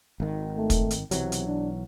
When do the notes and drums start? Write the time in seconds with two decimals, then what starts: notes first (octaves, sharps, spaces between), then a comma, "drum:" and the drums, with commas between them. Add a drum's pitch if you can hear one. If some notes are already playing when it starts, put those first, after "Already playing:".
0.20 G#1 D#3
0.57 A3
0.70 drum: kick, hi-hat
0.91 drum: hi-hat
1.11 B1 C3 E3 F#3, drum: hi-hat
1.32 drum: hi-hat
1.47 D4